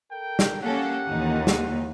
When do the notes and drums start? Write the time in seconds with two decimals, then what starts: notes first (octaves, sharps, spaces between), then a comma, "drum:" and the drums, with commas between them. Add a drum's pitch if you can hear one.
0.12 A4 A#4 G5
0.39 drum: snare
0.62 A#3 C#4 G4 A4 F#5
1.08 D#2 A#2 E3 D#4
1.47 drum: snare